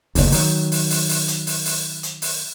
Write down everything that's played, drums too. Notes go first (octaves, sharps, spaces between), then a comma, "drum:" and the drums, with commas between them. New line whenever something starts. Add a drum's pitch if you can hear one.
F#1 D2, drum: open hi-hat
D#3 F#3, drum: open hi-hat
drum: open hi-hat
drum: open hi-hat
drum: open hi-hat
drum: hi-hat
drum: open hi-hat
drum: open hi-hat
drum: hi-hat
drum: open hi-hat